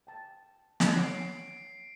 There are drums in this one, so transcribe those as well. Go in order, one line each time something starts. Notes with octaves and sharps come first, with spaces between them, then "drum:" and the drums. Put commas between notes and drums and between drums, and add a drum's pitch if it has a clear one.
G5 A5
drum: snare
C#5 F#5 C7 D7